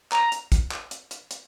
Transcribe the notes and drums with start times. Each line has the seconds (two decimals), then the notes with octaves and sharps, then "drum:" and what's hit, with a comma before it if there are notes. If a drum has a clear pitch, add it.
0.12 A#5, drum: clap
0.32 drum: hi-hat
0.52 drum: kick, hi-hat
0.71 drum: clap
0.91 drum: hi-hat
1.11 drum: hi-hat
1.31 drum: hi-hat